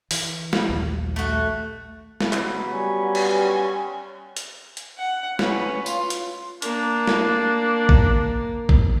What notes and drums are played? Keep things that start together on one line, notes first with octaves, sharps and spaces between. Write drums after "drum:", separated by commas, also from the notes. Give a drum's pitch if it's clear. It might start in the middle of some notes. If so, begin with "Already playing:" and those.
E3, drum: open hi-hat
drum: snare
A#1 D#2 G3
A3 F#4
drum: snare
C#3 F#3 B3, drum: clap
G3 C#4
drum: cymbal
drum: hi-hat
drum: hi-hat
F#5
C#4 B4, drum: snare
F4, drum: tambourine
drum: hi-hat
A#3 D4, drum: hi-hat
drum: snare
drum: kick
drum: kick